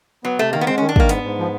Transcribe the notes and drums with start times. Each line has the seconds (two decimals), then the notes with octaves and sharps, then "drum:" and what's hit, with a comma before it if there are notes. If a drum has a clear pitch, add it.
0.24 F#3 B3
0.38 C3 A3
0.53 D#3 A#3
0.61 B3
0.67 G#3 C4
0.78 D#3 C#4
0.89 D4
0.96 D#3 A#3, drum: kick
1.09 G#2 B3, drum: hi-hat
1.24 G#2
1.39 F3